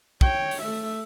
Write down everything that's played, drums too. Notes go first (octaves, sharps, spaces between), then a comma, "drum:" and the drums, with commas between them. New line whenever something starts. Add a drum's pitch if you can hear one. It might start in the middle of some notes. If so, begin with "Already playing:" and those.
C#5 G5, drum: kick
drum: open hi-hat
A3 E5